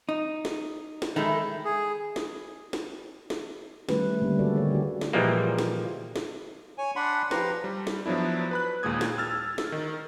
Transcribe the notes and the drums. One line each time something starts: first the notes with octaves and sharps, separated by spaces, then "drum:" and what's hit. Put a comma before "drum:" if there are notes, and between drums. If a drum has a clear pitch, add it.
D#4
drum: snare
drum: snare
D#3 G#3 D#4 E4 A4
G#4
drum: snare
drum: snare
drum: snare
D#3 G3 A3 C#4 B4, drum: snare
D3 G3 A#3 C#4
G#3 F#4 A4 D5
D3 D#3 F#4 G#4 C#5 F5
F#4 G4
drum: snare
A#2 E3 F3 G3 G#3 A#3
drum: snare
drum: snare
C#5 G#5
D4 F#5 B5 C6
F3 G4 B4 A#5 C6, drum: snare
G3
drum: snare
F3 F#3 B3 D4 E4
B4 B5 F#6
D#2 A#2 G#3 D#6 G#6
drum: snare
E6 F6 A6
drum: snare
D#3